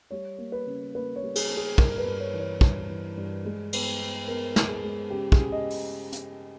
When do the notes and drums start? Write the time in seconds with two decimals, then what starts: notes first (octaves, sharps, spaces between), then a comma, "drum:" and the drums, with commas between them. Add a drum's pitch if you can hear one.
0.11 G3 C#5
0.38 A#3
0.52 B4
0.67 C#3
0.95 A#3 B4
1.16 C#5
1.22 G3
1.35 G#4, drum: cymbal
1.50 A#3
1.57 G#4
1.78 G2 A#4, drum: kick
1.98 B4
2.06 G2
2.20 C#5
2.34 E3
2.40 C#5
2.61 G2, drum: kick
2.89 E3
3.17 G2
3.45 G#3
3.73 B3, drum: cymbal
4.00 B3
4.28 B3 A#4
4.56 G#3, drum: snare
4.69 G#4
4.83 G#3
5.11 C#3 G4
5.32 G#4, drum: kick
5.38 C#3
5.52 D#5
5.70 drum: open hi-hat
6.13 drum: hi-hat